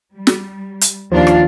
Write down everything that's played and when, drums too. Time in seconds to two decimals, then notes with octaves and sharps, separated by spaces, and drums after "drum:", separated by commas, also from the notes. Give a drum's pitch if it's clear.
0.14 G3
0.27 drum: snare
0.81 drum: hi-hat
1.12 D#2 F3 D4 F5
1.27 drum: rim click